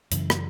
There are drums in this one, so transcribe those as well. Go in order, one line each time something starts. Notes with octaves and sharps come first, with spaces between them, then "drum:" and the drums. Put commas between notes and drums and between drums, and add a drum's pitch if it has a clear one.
F#2 C#3 E3, drum: hi-hat
drum: rim click